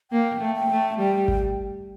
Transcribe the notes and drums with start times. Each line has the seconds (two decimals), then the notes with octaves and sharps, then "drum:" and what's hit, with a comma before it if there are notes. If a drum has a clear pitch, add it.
0.11 A#3 G5
0.41 A3
0.55 G5
0.70 A3
0.99 G3 G5
1.28 drum: kick G#1